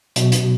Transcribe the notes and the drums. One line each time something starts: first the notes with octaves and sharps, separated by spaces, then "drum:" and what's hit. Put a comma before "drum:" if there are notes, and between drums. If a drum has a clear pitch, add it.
B2 F#3 B3 F#4, drum: hi-hat
drum: hi-hat